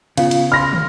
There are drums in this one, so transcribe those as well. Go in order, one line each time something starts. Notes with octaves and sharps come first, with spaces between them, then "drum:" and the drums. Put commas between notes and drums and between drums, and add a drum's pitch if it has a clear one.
C#3 B3 F4 F5, drum: cymbal
drum: cymbal
B5 C6 F6 A#6
drum: tom